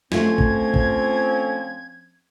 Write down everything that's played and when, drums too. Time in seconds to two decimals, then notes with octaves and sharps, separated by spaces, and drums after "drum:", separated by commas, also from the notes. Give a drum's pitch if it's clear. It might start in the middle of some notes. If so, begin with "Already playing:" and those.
0.12 F3 A3 C4 C#4 F4 G#6, drum: snare
0.38 drum: kick A1
0.74 drum: kick A1